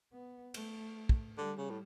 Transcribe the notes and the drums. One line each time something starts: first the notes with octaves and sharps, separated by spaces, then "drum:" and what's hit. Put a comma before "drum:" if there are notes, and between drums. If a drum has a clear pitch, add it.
B3
A3, drum: cymbal
drum: kick
D3 G3
C#3
A2